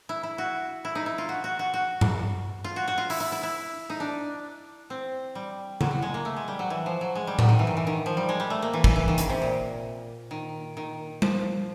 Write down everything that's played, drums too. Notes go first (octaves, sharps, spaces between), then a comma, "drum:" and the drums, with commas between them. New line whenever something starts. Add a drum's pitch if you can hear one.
E4
E4
F#4
E4
D#4
E4
F4
F#4
F#4
F#4
F#4
drum: tom G2
F4
F#4
F#4
F4
E4, drum: open hi-hat
E4
E4
E4
D#4
D4
C4
G3
F#3, drum: tom C#3
F#3
G#3
A#3
A3
G#3
G3
F#3
E3
F3
F#3
G#3
G3
F#3, drum: tom A2
D#3
E3
D#3
E3
D#3
F3
G3
G#3
G3
A3
A#3
E3
E3, drum: kick
E3
D#3
C#3, drum: hi-hat
C3
A#2
D#3
D#3
F3, drum: tom G3